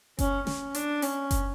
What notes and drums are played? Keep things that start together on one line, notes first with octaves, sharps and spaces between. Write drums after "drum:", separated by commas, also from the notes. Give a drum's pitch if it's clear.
C#4, drum: kick F#1, hi-hat
C#4, drum: snare
D4, drum: hi-hat
C#4, drum: open hi-hat
drum: kick F#1, hi-hat